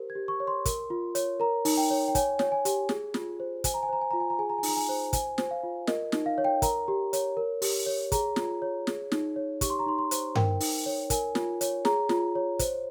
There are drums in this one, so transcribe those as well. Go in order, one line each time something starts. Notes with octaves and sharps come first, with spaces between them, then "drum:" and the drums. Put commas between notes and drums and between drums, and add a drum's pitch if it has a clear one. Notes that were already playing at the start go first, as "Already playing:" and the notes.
Already playing: G4 A#4 C5
G#6
G4
C#6
C#5
C6
A#4, drum: kick, hi-hat
F4
C#5, drum: hi-hat
A#4 A#5
D#4, drum: open hi-hat
G5
C#5
G5
C#5 G#5, drum: kick, hi-hat
C#5, drum: snare
G#5
G4, drum: hi-hat
G#4, drum: snare
F4, drum: snare
C5
C5 G#5, drum: kick, hi-hat
A#5
G#5
C5 A#5
G#5
F4 A#5
G#5
A#5
G#4 G#5
A#5
G#5
D#4, drum: open hi-hat
A#5
G#5
C5
C5 G#5, drum: kick, hi-hat
C5, drum: snare
F5
F4
A#4 D#5, drum: snare
D#4, drum: snare
F5
C#5
G5
A#4 A#5, drum: kick, hi-hat
G4
C#5, drum: hi-hat
A#4
G4, drum: open hi-hat
C#5
G#4 A#5, drum: kick, hi-hat
F4, drum: snare
C#5
G#4, drum: snare
D#4, drum: snare
C#5
G4 C#6, drum: kick, hi-hat
C6
A#5
D#4 C6
C6
C5, drum: hi-hat
A#4 G5, drum: tom G2
D#4, drum: open hi-hat
C#5
A#4 G#5, drum: kick, hi-hat
F4, drum: snare
C#5, drum: hi-hat
G#4 A#5, drum: snare
F4, drum: snare
C#5
C5, drum: kick, hi-hat